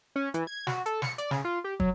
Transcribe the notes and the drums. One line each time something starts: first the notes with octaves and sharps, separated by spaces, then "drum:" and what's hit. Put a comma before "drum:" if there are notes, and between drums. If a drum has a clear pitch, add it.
C#4
E3, drum: hi-hat
G#6
F#4, drum: snare
A4, drum: hi-hat
C#7, drum: snare
D5, drum: hi-hat
C#3, drum: snare
F4
G4
F#3, drum: kick